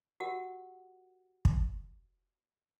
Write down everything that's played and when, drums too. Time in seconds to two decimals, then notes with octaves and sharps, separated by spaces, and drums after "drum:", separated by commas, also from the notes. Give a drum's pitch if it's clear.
0.20 F#4 G4 A#4 F#5
1.45 drum: kick